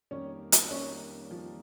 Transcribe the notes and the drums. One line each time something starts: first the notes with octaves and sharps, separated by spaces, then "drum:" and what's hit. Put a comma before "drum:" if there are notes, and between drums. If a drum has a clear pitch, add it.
F2 D#3 G3 A#3 C#4
drum: hi-hat
C#4
F3